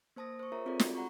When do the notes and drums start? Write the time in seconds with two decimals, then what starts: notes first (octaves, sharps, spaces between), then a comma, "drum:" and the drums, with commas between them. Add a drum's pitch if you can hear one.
0.16 A#3 C5 A5 D#6 A#6
0.39 C5 C#6
0.52 F4 G#4 A#4 C#5 E5 A#5
0.66 C4 F4 G#4 A4 D5
0.80 F#4, drum: snare
0.95 F#5 A#5 B5 C#6